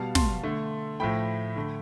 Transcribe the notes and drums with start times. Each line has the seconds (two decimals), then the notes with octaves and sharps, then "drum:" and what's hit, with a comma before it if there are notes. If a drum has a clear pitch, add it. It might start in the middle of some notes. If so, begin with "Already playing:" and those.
Already playing: B2 G3 B3 F5 A5
0.15 A5 C6, drum: snare
0.43 D3 A3
1.00 A2 F3 A3 G5 B5
1.56 D3 A3